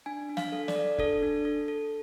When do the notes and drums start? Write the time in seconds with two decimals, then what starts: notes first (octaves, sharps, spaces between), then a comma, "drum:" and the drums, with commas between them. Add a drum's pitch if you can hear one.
0.06 D4 G#5
0.29 D4
0.37 F5, drum: snare
0.52 A4
0.68 D5, drum: snare
0.76 A4
0.98 D4 A4, drum: kick
1.23 D4
1.45 A4
1.68 A4